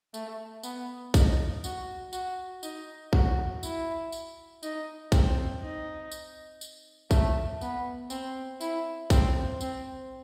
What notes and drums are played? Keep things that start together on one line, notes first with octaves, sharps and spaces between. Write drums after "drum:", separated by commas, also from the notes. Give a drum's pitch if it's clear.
A3, drum: tambourine
B3, drum: tambourine
D#4, drum: kick, tambourine
F#4, drum: tambourine
F#4, drum: tambourine
D#4, drum: tambourine
F#4, drum: kick
E4, drum: tambourine
drum: tambourine
D#4, drum: tambourine
C4, drum: kick, tambourine
D#4
drum: tambourine
drum: tambourine
A3, drum: kick, tambourine
B3, drum: tambourine
C4, drum: tambourine
E4, drum: tambourine
C4, drum: kick, tambourine
C4, drum: tambourine